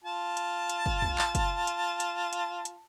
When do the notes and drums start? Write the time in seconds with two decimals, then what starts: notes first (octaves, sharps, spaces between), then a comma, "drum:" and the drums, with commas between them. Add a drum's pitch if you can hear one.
0.04 F4 A5
0.37 drum: hi-hat
0.70 drum: hi-hat
0.86 drum: kick
1.02 drum: tom
1.18 drum: clap
1.35 drum: kick, hi-hat
1.67 drum: hi-hat
2.00 drum: hi-hat
2.33 drum: hi-hat
2.65 drum: hi-hat